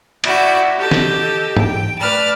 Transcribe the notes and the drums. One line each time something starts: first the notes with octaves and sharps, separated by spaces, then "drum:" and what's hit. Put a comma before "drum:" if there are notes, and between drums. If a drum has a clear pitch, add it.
E4 F#4 D5 F#5 G6, drum: cymbal
G4 A4 D#5
drum: snare
G5, drum: tom G#2
A3 B4 D5 A5 F6